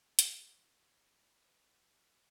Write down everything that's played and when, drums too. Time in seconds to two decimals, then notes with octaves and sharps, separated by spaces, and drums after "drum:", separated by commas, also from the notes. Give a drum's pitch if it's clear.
0.19 F#5, drum: hi-hat
0.32 D6
0.48 G#4
0.62 E4
0.84 C#5
0.98 A4
1.11 G4
1.27 E4
1.45 B4
1.84 E5
2.04 G4